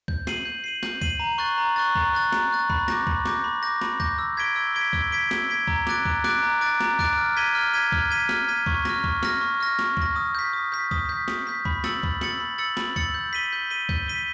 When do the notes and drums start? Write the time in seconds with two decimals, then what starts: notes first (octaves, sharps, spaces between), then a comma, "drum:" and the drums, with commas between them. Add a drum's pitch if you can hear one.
0.08 G6, drum: kick C#2
0.27 C7 D#7 F#7, drum: snare
0.45 G6
0.64 C7 D#7 F#7
0.83 G6, drum: snare
1.01 C7 D#7 F#7, drum: kick C#2
1.20 A#5
1.38 C#6 F#6 A6
1.58 A#5
1.76 C#6 F#6 A6
1.95 A#5, drum: kick C#2
2.14 C#6 F#6 A6
2.32 A#5, drum: snare
2.51 C#6 F#6 A6
2.70 B5, drum: kick C#2
2.88 D6 G6 A#6, drum: snare
3.07 B5, drum: kick C#2
3.25 D6 G6 A#6, drum: snare
3.44 B5
3.63 D6 G6 A#6
3.81 B5, drum: snare
4.00 D6 G6 A#6, drum: kick C#2
4.19 E6
4.37 G#6 B6 D7 G7
4.56 E6
4.75 G#6 B6 D7 G7
4.93 E6, drum: kick C#2
5.12 G#6 B6 D7 G7
5.31 E6, drum: snare
5.49 G#6 B6 D7 G7
5.67 A#5, drum: kick C#2
5.87 D6 F#6 A6 D7, drum: snare
6.05 A#5, drum: kick C#2
6.24 D6 F#6 A6 D7, drum: snare
6.43 A#5
6.61 D6 F#6 A6 D7
6.80 A#5, drum: snare
6.99 D6 F#6 A6 D7, drum: kick C#2
7.18 F6
7.37 G#6 B6 D#7 G7
7.55 F6
7.74 G#6 B6 D#7 G7
7.92 F6, drum: kick C#2
8.11 G#6 B6 D#7 G7
8.29 F6, drum: snare
8.48 G#6 B6 D#7 G7
8.66 C#6, drum: kick C#2
8.85 F6 A#6, drum: snare
9.04 C#6, drum: kick C#2
9.23 F6 A#6, drum: snare
9.41 C#6
9.60 F6 A#6
9.79 C#6, drum: snare
9.97 F6 A#6, drum: kick C#2
10.16 D#6
10.35 G6 B6
10.53 D#6
10.72 G6 B6
10.91 D#6, drum: kick C#2
11.09 G6 B6
11.28 D#6, drum: snare
11.47 G6 B6
11.65 B5, drum: kick C#2
11.84 E6 A6 C#7 F#7, drum: snare
12.03 B5, drum: kick C#2
12.21 E6 A6 C#7 F#7, drum: snare
12.40 B5
12.58 E6 A6 C#7 F#7
12.77 B5, drum: snare
12.96 E6 A6 C#7 F#7, drum: kick C#2
13.14 G6
13.33 B6 D#7 G7
13.53 G6
13.70 B6 D#7 G7
13.89 G6, drum: kick C#2
14.08 B6 D#7 G7